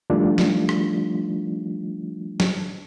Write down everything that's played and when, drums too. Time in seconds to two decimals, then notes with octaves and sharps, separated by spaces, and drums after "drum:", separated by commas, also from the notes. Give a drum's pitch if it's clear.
0.10 D#3 F3 G3 A3 D4 F4
0.38 drum: snare
0.69 drum: rim click
2.40 drum: snare